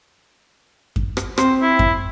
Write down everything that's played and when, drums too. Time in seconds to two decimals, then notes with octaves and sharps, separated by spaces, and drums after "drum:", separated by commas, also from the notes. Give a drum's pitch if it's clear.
0.96 drum: kick F#2
1.17 drum: rim click
1.38 C4 C5, drum: rim click
1.62 E4
1.79 drum: kick F#2